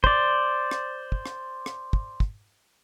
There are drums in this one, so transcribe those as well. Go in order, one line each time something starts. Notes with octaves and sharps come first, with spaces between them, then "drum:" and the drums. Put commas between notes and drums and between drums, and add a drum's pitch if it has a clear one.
C5 D5, drum: kick
drum: rim click
drum: kick
drum: rim click
drum: rim click
drum: kick
drum: kick